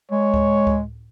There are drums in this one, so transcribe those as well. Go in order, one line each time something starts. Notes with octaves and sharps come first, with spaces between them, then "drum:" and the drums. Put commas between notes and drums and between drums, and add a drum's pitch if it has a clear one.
G#3 C#5
drum: kick C#2
drum: kick C#2